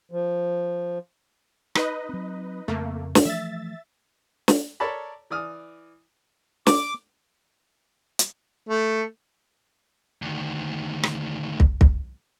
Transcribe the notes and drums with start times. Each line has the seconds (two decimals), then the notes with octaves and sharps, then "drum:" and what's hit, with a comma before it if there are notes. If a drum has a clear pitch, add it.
0.12 F3
1.75 D#4 B4 D#5, drum: rim click
2.09 F#3 C4
2.68 F2 C#3 A3 A#3 C4
3.15 drum: snare
3.25 E3 F3 A3 E5 A6
4.48 drum: snare
4.80 A4 A#4 C#5 D5 A5 B5
5.31 E3 D5 D#6 F6
6.67 D6, drum: snare
8.19 drum: hi-hat
8.69 A3
10.22 D2 D#3
11.03 drum: rim click
11.60 drum: kick
11.81 drum: kick